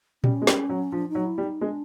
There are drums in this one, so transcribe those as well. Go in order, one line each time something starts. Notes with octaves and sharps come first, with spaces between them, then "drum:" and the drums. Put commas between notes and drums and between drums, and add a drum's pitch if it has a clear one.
G3 C#4, drum: tom A#2
G#3
G3, drum: snare
F#3
F3 D4
D#4
F#3
E4
G3
D#4
G#3 D4